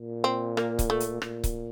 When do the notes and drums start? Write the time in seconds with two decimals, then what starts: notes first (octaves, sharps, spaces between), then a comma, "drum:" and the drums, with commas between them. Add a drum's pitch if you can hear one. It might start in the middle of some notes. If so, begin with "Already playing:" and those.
Already playing: A#2
0.24 C4
0.57 A#3, drum: rim click
0.79 drum: kick C#1, hi-hat
0.90 A3
1.00 drum: hi-hat
1.22 A#2, drum: rim click
1.44 drum: kick C#1, hi-hat